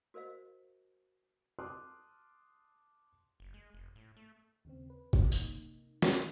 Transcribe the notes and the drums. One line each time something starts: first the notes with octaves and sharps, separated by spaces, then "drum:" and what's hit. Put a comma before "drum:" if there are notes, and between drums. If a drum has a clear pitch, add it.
F#4 A#4 C5 D#5 F5
A5 C6 D6 D#6 F6 F#6
F#1
G#3
F1
A2
A3
D#2 C#3 C4
B4
drum: kick
C3 A#3 D#4, drum: tambourine
drum: snare